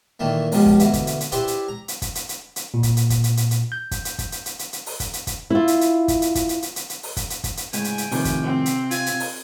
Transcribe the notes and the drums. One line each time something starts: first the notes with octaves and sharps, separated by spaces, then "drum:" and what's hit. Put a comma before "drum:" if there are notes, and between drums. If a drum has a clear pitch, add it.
A#2 D#3 E3 A3 A#3
C#2 B2 F3 G3, drum: open hi-hat
drum: kick
D2 B2 E3, drum: hi-hat
drum: kick, hi-hat
drum: hi-hat
drum: hi-hat
E4 G4 B4 C5 D5 E5, drum: hi-hat
drum: hi-hat
A#5
drum: hi-hat
drum: kick, hi-hat
drum: hi-hat
drum: hi-hat
drum: hi-hat
A#2
drum: kick, hi-hat
drum: hi-hat
drum: kick, hi-hat
drum: hi-hat
drum: hi-hat
drum: hi-hat
G6
drum: kick, hi-hat
drum: hi-hat
drum: kick, hi-hat
drum: hi-hat
drum: hi-hat
drum: hi-hat
drum: hi-hat
drum: open hi-hat
drum: kick, hi-hat
drum: hi-hat
drum: kick, hi-hat
E4 F4
drum: hi-hat
drum: hi-hat
drum: kick, hi-hat
drum: hi-hat
drum: kick, hi-hat
drum: hi-hat
drum: hi-hat
drum: hi-hat
drum: hi-hat
drum: open hi-hat
drum: kick, hi-hat
drum: hi-hat
drum: kick, hi-hat
drum: hi-hat
C#2 A2 G#3 G5 G#5, drum: hi-hat
drum: hi-hat
drum: hi-hat
A2 C3 D#3 F3, drum: open hi-hat
drum: kick, hi-hat
C4
drum: hi-hat
F4 G#5, drum: hi-hat
drum: hi-hat
drum: open hi-hat